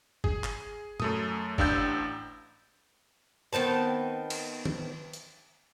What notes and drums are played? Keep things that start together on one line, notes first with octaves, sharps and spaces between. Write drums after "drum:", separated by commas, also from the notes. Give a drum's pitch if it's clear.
G#4, drum: kick
drum: clap
F#2 A3 D#6, drum: tom
A1 D4 G4 F5 E6 G6, drum: kick
D#3 B3 C4 A5
drum: cymbal
drum: tom D#3
drum: hi-hat